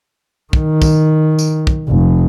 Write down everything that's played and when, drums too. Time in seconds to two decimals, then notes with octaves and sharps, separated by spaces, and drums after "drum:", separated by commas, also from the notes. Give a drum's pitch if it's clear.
0.53 D#3, drum: kick
0.82 drum: kick, tambourine
1.39 drum: tambourine
1.67 drum: kick
1.89 F1